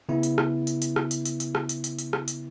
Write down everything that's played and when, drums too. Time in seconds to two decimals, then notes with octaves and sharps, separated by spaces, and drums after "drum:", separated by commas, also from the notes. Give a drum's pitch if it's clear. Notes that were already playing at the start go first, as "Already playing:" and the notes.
0.09 C#3 B3 E4
0.23 drum: hi-hat
0.38 drum: rim click
0.67 drum: hi-hat
0.82 drum: hi-hat
0.96 drum: rim click
1.11 drum: hi-hat
1.26 drum: hi-hat
1.40 drum: hi-hat
1.55 drum: rim click
1.69 drum: hi-hat
1.84 drum: hi-hat
1.99 drum: hi-hat
2.13 drum: rim click
2.28 drum: hi-hat